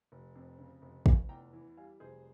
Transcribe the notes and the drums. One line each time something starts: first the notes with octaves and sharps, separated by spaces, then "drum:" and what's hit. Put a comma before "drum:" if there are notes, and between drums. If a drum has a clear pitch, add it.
F1
F2
C#3
F1
F1 F5 G#5, drum: kick
E2 G5 A#5
E3
G3 F5 G#5
F1 G#4 C5